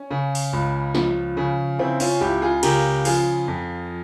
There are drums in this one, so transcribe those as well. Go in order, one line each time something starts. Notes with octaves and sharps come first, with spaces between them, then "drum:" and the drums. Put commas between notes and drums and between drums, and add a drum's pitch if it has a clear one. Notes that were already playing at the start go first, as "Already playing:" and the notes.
Already playing: C#4
C#3
drum: open hi-hat
C#2
F3, drum: snare
C#3
C#3 C4 E4
C#4 F4, drum: open hi-hat
C#2 E4 G4
F4 G#4
C#3 G4 A#4, drum: cymbal
F3 F4 G#4, drum: open hi-hat
F2